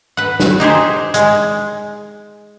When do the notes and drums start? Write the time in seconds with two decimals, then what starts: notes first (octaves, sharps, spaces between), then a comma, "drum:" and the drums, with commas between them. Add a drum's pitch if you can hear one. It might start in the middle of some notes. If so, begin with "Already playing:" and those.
0.17 B4 F#5
0.40 drum: snare
0.60 D#4 G4 G#4 C5
1.14 G#3, drum: hi-hat